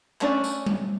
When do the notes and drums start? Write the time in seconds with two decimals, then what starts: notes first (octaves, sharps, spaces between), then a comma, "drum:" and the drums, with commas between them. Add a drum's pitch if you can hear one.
0.21 A3 C#4 D4 D5, drum: clap
0.44 drum: tambourine
0.66 drum: tom G3